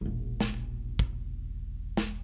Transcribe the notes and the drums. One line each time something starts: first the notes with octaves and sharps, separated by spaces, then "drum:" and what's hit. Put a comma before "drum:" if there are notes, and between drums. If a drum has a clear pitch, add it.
E1 A#1
drum: snare
drum: kick
drum: snare